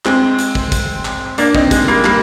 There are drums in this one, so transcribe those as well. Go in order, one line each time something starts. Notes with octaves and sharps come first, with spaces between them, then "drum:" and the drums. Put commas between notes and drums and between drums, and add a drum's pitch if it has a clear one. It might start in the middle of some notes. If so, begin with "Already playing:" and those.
G#3 C4, drum: clap
drum: hi-hat
drum: kick
drum: kick, hi-hat
drum: clap
A#3 D4, drum: hi-hat
C4 D#4, drum: kick
G#3, drum: kick, hi-hat
G3 A#3
G3 A#3, drum: clap